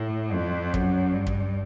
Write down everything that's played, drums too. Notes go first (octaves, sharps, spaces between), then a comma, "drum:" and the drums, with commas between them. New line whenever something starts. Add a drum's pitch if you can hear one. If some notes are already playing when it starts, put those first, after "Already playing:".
Already playing: A2
F2
F#2, drum: kick
G2
drum: kick